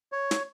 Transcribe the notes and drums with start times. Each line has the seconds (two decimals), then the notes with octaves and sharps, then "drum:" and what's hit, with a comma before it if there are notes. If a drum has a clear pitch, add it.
0.12 C#5
0.31 drum: snare